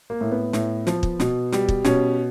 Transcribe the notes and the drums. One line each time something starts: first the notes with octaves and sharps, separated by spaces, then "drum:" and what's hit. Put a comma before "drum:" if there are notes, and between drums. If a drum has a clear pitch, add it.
A#3
A2
B3
A2, drum: snare
F3, drum: snare
drum: kick
B2, drum: snare
G3, drum: snare
drum: kick
B2 C#4, drum: snare